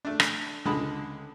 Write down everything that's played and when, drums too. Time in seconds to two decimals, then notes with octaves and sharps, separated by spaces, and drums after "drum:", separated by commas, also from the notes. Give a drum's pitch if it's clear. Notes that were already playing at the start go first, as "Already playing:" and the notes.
0.05 A3 D4
0.20 drum: rim click
0.65 C#2 D3 G#3 D#5 A5 B5